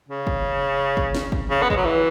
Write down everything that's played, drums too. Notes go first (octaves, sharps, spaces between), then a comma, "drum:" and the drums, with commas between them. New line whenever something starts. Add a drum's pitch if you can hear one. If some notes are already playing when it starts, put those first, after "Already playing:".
C#3
drum: kick
drum: kick
drum: snare
drum: kick
C#3
B3
G#3, drum: kick
F#3
E3